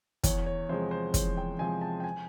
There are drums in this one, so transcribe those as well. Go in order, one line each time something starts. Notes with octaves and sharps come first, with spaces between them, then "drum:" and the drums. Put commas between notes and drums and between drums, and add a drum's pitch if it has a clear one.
E2 C#5, drum: kick, hi-hat
C#5
C3 F3 G#3 C5
C5
E2 C#5, drum: kick, hi-hat
G5
C3 F3 G#3 G#5
A5
G5
G#5